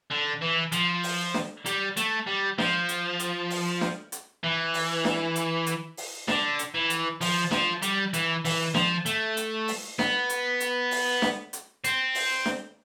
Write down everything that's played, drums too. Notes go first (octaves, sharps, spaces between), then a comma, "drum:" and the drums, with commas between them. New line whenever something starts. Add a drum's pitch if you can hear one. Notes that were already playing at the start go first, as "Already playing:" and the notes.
D3
E3
F3, drum: hi-hat
drum: open hi-hat
drum: snare D4
G3, drum: hi-hat
A3, drum: hi-hat
G3
F3, drum: snare D4
drum: hi-hat
drum: hi-hat
drum: open hi-hat
drum: snare D4
drum: hi-hat
E3
drum: open hi-hat
drum: snare D4
drum: hi-hat
drum: hi-hat
drum: open hi-hat
D3, drum: snare D4
drum: hi-hat
E3
drum: hi-hat
F3, drum: open hi-hat
F3, drum: snare D4
G3, drum: hi-hat
E3, drum: hi-hat
E3, drum: open hi-hat
F3, drum: snare D4
A3, drum: hi-hat
drum: hi-hat
drum: open hi-hat
B3, drum: snare D4
drum: hi-hat
drum: hi-hat
drum: open hi-hat
drum: snare D4
drum: hi-hat
C4, drum: hi-hat
drum: open hi-hat
drum: snare D4